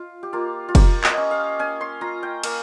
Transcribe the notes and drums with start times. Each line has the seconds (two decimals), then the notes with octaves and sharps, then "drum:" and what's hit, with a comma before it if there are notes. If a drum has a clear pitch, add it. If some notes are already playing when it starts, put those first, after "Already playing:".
Already playing: F4
0.23 G4
0.33 A#3 F4
0.68 F4
0.75 A#3 G4, drum: kick F1, cymbal
1.04 D#5, drum: clap
1.17 C#4
1.31 F5
1.59 C#4 G#5
1.81 C6
2.01 F4 A#5
2.23 G5
2.43 A#3 F5, drum: cymbal